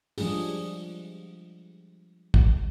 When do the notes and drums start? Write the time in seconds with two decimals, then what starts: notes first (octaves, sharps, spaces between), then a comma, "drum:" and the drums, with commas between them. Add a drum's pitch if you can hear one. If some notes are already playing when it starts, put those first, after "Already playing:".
0.18 F3 G3 G#3 D4 G#4, drum: open hi-hat
2.34 drum: kick